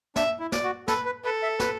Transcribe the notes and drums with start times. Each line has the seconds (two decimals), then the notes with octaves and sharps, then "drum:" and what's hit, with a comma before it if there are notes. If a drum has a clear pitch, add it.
0.16 D4 E5, drum: snare
0.39 E4
0.52 D5, drum: snare
0.64 F#4
0.88 A4 B4, drum: snare
1.05 B4
1.24 A4 B4
1.43 E5
1.60 B4, drum: snare